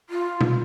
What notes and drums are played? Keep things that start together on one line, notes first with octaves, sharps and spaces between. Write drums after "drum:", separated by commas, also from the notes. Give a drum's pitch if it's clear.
F4
drum: tom